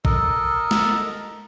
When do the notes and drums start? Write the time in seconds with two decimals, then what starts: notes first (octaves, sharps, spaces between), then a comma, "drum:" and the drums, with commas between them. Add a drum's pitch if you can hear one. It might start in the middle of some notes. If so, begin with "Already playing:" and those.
0.05 A4 A#4 D#5, drum: kick
0.71 drum: snare